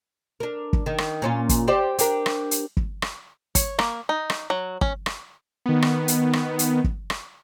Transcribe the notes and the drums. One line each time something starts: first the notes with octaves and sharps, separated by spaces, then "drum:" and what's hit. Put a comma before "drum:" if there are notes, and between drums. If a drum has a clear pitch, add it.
D4 A#4
drum: kick
D#3
drum: rim click
A#2 C#4 F4
drum: kick, hi-hat
G4 C5 D5
D4 G4 A#4, drum: hi-hat
drum: rim click
drum: hi-hat
drum: kick
drum: rim click
C#5, drum: kick, hi-hat
A#3, drum: rim click
D#4
drum: rim click
F#3
C#4, drum: kick
drum: rim click
D#3 B3
drum: rim click
drum: hi-hat
drum: rim click
drum: hi-hat
drum: kick
drum: rim click